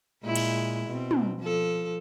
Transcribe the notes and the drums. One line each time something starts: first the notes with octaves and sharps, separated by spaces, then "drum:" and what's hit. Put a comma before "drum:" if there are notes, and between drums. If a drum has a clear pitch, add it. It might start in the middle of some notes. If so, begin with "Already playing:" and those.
A#2 G#3 E4
drum: cymbal
B2 C4
drum: tom
F3 A4